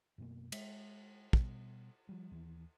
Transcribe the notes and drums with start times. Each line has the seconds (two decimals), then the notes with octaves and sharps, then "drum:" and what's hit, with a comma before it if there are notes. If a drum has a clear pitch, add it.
0.18 F#2 B2 A#3
0.52 G#3, drum: cymbal
1.33 B2 G3, drum: kick
2.09 F3 G3
2.31 D#2 E3